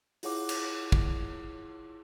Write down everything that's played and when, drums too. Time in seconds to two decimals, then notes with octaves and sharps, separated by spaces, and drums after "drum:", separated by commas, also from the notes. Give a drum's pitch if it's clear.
0.23 E4 F4 G#4 C#5 F#5 D6, drum: open hi-hat
0.49 drum: cymbal
0.92 drum: kick